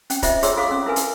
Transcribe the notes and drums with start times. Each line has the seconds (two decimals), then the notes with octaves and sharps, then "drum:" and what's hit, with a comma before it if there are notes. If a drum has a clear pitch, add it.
0.10 C#4 G5, drum: hi-hat
0.23 F4 C5 D#5 E5, drum: kick, hi-hat
0.43 D4 F4 G#4 C#5 C6 E6, drum: hi-hat
0.57 F4 A4 F5 C6 D6 E6
0.71 C#4
0.86 E4 A#4 B4 G#5
0.96 drum: hi-hat